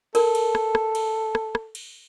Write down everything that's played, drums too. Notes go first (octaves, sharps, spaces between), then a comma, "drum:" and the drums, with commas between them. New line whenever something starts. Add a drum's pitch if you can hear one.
A4 A#4, drum: cymbal
drum: cymbal
drum: rim click
drum: rim click
drum: cymbal
drum: rim click
drum: rim click
drum: cymbal